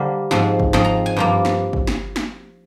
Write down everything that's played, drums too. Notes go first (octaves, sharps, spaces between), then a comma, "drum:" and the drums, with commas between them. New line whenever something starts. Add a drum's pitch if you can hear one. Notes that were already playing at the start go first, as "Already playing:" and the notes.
Already playing: D3 G3 A#3 C5
G#2 F3 C4, drum: snare
drum: kick
G#2 F3 C4 D#5, drum: snare
A#5
G#5
G2 F3 A#3
drum: snare
drum: kick
drum: snare
drum: snare